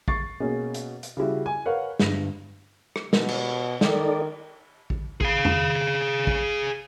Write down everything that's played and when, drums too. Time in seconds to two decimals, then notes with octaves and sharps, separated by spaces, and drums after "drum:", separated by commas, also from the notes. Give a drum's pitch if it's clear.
0.08 C#6 A6 C7, drum: kick
0.40 B2 A#3 C#4 G#4
0.74 drum: hi-hat
1.03 drum: hi-hat
1.17 C#3 G3 E4 F#4
1.46 G#5
1.66 A#4 B4 C#5 F5 F#5
2.00 G1 G2 A#6, drum: snare
2.96 drum: rim click
3.13 B2, drum: snare
3.28 drum: cymbal
3.81 D#3 D#4 A4 D5, drum: snare
4.90 drum: kick
5.21 G#4 F5, drum: kick
5.45 drum: tom E2
6.27 drum: kick